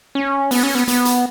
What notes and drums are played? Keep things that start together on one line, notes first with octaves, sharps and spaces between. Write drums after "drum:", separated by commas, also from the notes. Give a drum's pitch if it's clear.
C#4
B3, drum: open hi-hat
C#4
B3
B3, drum: hi-hat
drum: hi-hat